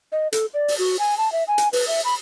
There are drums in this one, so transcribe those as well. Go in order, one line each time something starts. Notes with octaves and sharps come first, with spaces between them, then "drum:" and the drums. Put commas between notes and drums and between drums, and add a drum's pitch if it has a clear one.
D#5
A4, drum: hi-hat
D5
drum: open hi-hat
F#4
G#5
A5
E5
G#5
drum: hi-hat
B4, drum: open hi-hat
E5
B5